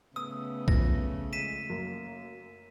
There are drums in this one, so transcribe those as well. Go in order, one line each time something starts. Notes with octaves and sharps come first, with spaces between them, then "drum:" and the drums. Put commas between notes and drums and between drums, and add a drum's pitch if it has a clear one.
C#3 A3 B3 D#6 E6
F2 A#6, drum: kick B1
G#3 B6 D#7 E7
F#2 A#3